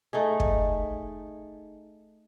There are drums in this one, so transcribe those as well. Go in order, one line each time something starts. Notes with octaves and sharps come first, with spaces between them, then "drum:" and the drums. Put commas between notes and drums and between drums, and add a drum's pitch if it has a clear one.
A3 D#4 G#4
drum: kick